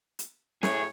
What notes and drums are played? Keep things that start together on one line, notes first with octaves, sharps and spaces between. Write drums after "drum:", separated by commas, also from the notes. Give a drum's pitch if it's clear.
drum: hi-hat
F#2 A2 G#4 C#5, drum: snare